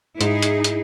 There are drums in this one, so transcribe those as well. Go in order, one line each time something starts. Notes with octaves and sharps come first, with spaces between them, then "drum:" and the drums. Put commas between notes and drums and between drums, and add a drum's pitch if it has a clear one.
G#2 D#4 E4 G#4, drum: hi-hat
drum: hi-hat
drum: hi-hat